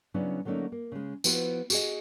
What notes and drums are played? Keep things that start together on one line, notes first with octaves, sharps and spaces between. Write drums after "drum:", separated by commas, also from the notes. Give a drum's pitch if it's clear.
C#3 F#3 B3 C#4 D4 E4
D3 F#3 A3 A#3 C#4 D#4
A#3
C#3 G#3
F3 B3 E4 F#4 B4, drum: tambourine
F#4 G#4 D#5, drum: tambourine